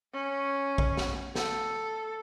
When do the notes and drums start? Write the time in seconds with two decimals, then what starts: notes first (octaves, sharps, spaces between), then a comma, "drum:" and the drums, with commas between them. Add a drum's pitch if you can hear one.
0.13 C#4
0.78 drum: kick A#1
0.97 drum: snare
1.35 A4, drum: snare